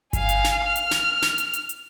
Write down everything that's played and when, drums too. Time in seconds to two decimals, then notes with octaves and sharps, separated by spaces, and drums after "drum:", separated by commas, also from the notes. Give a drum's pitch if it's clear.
0.13 F5 G#5, drum: kick G1, hi-hat
0.29 drum: hi-hat
0.44 drum: snare
0.65 F6
0.76 drum: hi-hat
0.91 drum: snare
1.22 drum: snare
1.38 drum: hi-hat
1.54 drum: hi-hat
1.69 drum: hi-hat